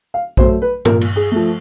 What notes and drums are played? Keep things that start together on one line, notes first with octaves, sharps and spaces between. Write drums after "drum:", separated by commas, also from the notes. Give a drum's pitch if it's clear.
F5
F#3 A3 C5, drum: kick A#1
B4
A#2 A#4, drum: tom G2
drum: cymbal
G#4
F3 A3